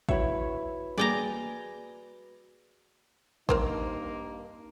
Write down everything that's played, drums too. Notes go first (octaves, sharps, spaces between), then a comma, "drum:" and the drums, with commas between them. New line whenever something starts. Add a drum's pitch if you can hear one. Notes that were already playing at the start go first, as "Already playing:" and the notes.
E4 F#4 B4 C#5 E5 F#5 B5, drum: kick A1
G3 A#3 G#4 D5 G5 A#5
G2 A#3 C4 D#4 A#4 C5, drum: kick A1